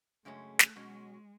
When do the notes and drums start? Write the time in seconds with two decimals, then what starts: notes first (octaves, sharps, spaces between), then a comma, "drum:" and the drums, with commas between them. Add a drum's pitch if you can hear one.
0.25 F#2 C#3 G#3 A3 C#4
0.59 drum: snare
0.76 B2 F#3 G#3 C#4 F#4